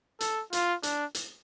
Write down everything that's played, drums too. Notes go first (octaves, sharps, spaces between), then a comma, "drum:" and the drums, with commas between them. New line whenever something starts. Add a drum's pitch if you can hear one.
A4, drum: hi-hat
F4, drum: hi-hat
D4, drum: hi-hat
drum: hi-hat